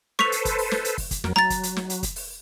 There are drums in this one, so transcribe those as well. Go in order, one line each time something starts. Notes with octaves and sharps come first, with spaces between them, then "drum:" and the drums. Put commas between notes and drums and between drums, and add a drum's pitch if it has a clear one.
A4 B4 C5 C#6 B6 F7, drum: snare
drum: hi-hat
drum: kick, hi-hat
drum: open hi-hat
drum: snare
drum: hi-hat
drum: kick, open hi-hat
drum: kick, hi-hat
F2 F#3 A#4, drum: snare
F#3 A#5 A6, drum: snare
drum: kick, hi-hat
drum: hi-hat
drum: snare
drum: hi-hat
drum: kick, hi-hat
drum: open hi-hat